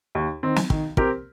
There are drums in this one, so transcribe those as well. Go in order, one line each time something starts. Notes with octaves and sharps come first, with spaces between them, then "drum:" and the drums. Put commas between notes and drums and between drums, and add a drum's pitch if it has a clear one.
D#2
D#3 C4
drum: snare
D#3, drum: kick
C4 G4 A#4, drum: kick